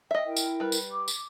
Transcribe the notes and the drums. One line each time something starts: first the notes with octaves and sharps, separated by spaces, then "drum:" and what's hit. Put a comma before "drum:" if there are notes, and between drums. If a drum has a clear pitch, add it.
D#5 E5 G5
E4 A#4 G5
drum: tambourine
G3 B4
drum: tambourine
D6
drum: tambourine